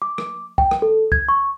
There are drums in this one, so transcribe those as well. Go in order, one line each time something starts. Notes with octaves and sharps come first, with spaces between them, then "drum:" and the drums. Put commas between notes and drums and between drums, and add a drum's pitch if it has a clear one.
D6
drum: rim click
G5, drum: kick C2
drum: rim click
A4
G#6, drum: kick C2
C#6